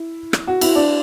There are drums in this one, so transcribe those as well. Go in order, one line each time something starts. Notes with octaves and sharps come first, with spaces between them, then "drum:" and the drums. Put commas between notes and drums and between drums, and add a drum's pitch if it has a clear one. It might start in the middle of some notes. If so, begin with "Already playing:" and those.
Already playing: E4
drum: rim click
F#4
E4, drum: cymbal
D4